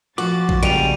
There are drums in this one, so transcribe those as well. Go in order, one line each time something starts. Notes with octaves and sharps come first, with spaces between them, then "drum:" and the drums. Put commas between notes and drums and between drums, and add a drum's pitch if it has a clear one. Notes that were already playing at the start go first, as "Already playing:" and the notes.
F3 F#4 D6 A6
drum: kick A#1
C#3 G3 A#3 D7 D#7 F7